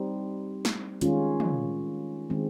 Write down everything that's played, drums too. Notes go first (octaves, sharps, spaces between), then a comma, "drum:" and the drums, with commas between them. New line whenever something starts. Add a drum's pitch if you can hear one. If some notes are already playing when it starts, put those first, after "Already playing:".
Already playing: G3 C4 D#4
drum: snare
D#3 G#3 C#4 F4, drum: hi-hat
drum: tom
D#3 G#3 C4